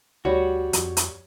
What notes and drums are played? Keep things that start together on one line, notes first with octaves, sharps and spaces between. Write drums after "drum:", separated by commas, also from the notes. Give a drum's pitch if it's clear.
D2 G3 F#4 C#5
F2, drum: hi-hat
drum: hi-hat